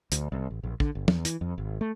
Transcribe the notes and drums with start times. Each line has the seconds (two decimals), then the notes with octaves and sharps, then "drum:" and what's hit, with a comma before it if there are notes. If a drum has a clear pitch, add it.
0.12 D2, drum: hi-hat
0.32 C2
0.50 A1
0.63 A#1
0.80 D3, drum: kick
0.95 G1
1.08 E2, drum: tom
1.25 E3, drum: hi-hat
1.41 F2
1.58 G#1
1.81 A3